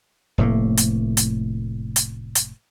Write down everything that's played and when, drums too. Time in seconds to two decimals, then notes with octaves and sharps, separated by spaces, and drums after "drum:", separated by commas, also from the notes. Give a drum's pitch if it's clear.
0.38 F1 A2 A3 A#3
0.77 drum: hi-hat
1.17 drum: hi-hat
1.96 drum: hi-hat
2.35 drum: hi-hat